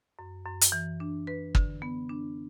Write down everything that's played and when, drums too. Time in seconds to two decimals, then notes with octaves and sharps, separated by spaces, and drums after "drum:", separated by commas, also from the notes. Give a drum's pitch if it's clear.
0.19 F#2
0.45 F#2
0.61 drum: hi-hat
0.72 E3
1.00 D4
1.27 B4
1.55 D3, drum: kick
1.82 B3
2.09 D4